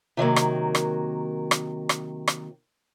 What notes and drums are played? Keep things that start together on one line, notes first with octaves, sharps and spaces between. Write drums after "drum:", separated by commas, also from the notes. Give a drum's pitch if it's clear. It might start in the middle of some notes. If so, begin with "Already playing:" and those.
C3 D#3 F#3 A#3
drum: rim click
drum: rim click
drum: rim click
drum: rim click
drum: rim click